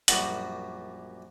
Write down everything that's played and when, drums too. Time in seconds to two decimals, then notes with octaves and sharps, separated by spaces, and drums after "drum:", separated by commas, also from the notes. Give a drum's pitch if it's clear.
0.08 A#1 F#2 G3 A#3 F#4 D#6, drum: hi-hat